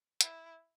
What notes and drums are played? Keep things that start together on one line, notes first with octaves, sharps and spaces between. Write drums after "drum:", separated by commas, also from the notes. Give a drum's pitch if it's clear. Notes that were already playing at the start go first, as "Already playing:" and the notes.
E4, drum: hi-hat